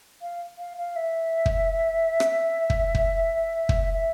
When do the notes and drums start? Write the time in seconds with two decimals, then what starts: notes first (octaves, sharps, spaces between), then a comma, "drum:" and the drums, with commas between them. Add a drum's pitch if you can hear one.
0.22 F5
0.58 F5
0.77 F5
0.96 E5
1.46 drum: kick
2.20 drum: rim click
2.70 drum: kick
2.95 drum: kick
3.69 drum: kick
3.94 E5